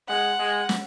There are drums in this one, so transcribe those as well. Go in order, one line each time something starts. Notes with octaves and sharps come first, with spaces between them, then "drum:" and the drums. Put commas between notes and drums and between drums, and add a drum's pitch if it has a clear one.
G#3 F#5
G#3
drum: snare